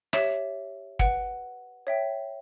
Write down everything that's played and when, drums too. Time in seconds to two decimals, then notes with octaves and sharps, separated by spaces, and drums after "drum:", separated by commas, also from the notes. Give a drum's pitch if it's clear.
0.13 G4 C#5 E5 E7, drum: rim click
0.99 B4 F#5 D7, drum: kick
1.87 C#5 E5 G5